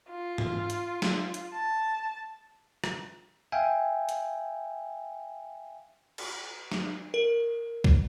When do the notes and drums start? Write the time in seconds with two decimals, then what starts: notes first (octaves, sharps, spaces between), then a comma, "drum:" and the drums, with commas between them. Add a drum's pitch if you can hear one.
0.10 F4
0.38 drum: tom
0.70 drum: hi-hat
1.02 drum: snare
1.34 drum: hi-hat
1.54 A5
2.84 drum: rim click
3.52 E5 F5 G5 G#5
4.09 drum: hi-hat
6.18 drum: cymbal
6.72 drum: snare
7.14 A#4
7.84 drum: kick C2